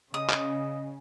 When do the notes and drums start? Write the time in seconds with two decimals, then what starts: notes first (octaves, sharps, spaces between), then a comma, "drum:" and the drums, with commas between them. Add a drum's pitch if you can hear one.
0.14 C#3 D#5 D#6
0.30 drum: clap